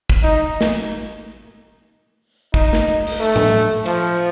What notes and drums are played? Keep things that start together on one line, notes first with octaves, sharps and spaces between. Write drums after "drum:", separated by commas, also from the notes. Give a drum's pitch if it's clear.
drum: kick
D#4
drum: snare
D#4, drum: kick
drum: snare
drum: open hi-hat
A3
drum: tom A2
F3, drum: cymbal